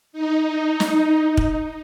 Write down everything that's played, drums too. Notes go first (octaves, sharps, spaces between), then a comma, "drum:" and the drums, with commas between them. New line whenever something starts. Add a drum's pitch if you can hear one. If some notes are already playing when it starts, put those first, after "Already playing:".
D#4
D#4
drum: snare
drum: kick